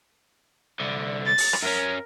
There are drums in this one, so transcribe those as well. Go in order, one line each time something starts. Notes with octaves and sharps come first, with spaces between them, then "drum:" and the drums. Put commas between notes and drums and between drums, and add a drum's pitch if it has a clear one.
C2 D3
A6
drum: open hi-hat
drum: rim click
F#2 C#4 A#4